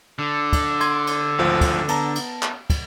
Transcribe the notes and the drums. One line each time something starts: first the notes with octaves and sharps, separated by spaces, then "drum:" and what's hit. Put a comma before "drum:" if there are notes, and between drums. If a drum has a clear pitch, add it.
D3
drum: kick, cymbal
C6 G#6, drum: cymbal
drum: cymbal
G#1 D2 F3
drum: kick, cymbal
B3 A5 A#5, drum: cymbal
drum: cymbal
drum: clap
drum: kick, cymbal